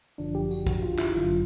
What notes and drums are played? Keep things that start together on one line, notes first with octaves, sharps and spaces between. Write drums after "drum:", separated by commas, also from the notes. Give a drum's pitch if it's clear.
G1 F#2 D3 F3 D4
G4
F#4, drum: tambourine
F#4, drum: kick
F4
E4, drum: clap
G1 F#2 D3 F#3 F4